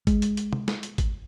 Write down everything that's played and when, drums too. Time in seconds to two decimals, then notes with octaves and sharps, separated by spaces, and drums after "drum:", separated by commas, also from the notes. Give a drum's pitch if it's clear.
0.07 G#3, drum: kick, hi-hat
0.22 drum: hi-hat
0.37 drum: hi-hat
0.53 drum: tom
0.68 drum: snare
0.83 drum: hi-hat
0.98 drum: kick, hi-hat